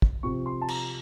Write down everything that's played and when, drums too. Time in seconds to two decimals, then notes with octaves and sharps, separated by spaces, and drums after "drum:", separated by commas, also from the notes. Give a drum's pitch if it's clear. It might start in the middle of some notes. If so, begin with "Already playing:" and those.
0.02 drum: kick
0.23 C3 F3 C4 C#6
0.46 C6
0.61 A5
0.68 A#5, drum: cymbal